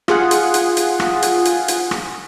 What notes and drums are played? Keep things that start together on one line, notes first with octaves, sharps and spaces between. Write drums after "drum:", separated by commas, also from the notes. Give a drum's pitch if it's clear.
F4 G#4 F#5, drum: rim click
drum: hi-hat
drum: hi-hat
drum: hi-hat
drum: rim click
drum: hi-hat
drum: hi-hat
drum: hi-hat
drum: rim click